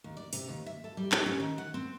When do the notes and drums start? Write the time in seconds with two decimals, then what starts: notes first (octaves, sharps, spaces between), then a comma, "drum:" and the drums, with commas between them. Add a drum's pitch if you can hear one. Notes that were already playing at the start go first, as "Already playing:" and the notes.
0.04 D#2
0.17 D5
0.33 C3, drum: open hi-hat
0.49 D#2
0.66 E5
0.84 A4
0.97 G3
1.12 G4, drum: clap
1.26 C#4
1.40 D#3
1.58 F#5
1.74 C4